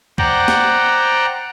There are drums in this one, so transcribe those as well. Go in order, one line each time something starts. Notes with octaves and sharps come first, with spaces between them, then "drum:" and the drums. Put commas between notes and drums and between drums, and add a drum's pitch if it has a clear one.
C5 D5 F#5 G5 A#5, drum: kick
drum: snare